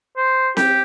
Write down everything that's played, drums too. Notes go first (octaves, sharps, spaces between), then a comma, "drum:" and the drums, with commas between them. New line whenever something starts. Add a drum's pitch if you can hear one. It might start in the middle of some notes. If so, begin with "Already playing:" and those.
C5
G4, drum: snare C4